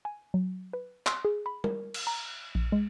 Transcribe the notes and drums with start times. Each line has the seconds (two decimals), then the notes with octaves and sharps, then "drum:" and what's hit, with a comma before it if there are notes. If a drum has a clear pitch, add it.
0.05 G#5
0.34 F#3
0.73 B4
1.07 C6, drum: clap
1.25 G#4
1.46 B5
1.64 A#4, drum: tom
1.94 drum: cymbal
2.07 A#5
2.29 F#6
2.55 A#1
2.72 G#3